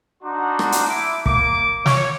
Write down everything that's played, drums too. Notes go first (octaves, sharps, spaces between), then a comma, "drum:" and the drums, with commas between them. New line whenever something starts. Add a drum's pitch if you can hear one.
D4 D#4 F#4 F#5 C6 D6
drum: rim click
drum: hi-hat
E4 D6
A#3 D6, drum: kick
C#5, drum: snare